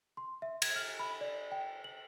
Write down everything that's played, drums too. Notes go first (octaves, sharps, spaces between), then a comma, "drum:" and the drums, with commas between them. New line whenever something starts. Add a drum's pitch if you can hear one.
C6
E5
G#6, drum: cymbal
F6
B5
D5
G5
F#7